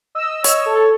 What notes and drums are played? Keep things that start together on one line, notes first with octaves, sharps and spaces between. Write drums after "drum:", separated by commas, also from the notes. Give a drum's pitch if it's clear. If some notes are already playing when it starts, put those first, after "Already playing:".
D#5 E6
C#5, drum: hi-hat
A4